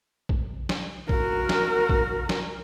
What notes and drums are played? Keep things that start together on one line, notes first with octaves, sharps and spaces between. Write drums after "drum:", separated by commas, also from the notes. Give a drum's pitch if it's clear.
drum: kick A#1
drum: snare
F#4 A#4, drum: kick A#1
drum: snare
drum: kick A#1
drum: snare